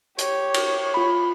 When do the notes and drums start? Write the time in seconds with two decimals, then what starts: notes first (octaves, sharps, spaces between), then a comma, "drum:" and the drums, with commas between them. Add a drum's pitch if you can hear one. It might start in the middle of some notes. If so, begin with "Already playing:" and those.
0.18 G4 C#5, drum: hi-hat
0.54 drum: cymbal
0.94 F4 B5